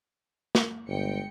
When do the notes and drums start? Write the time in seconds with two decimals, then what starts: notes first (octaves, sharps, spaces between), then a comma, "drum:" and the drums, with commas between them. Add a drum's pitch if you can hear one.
0.55 drum: snare
0.88 G1 G#3 G5 C#7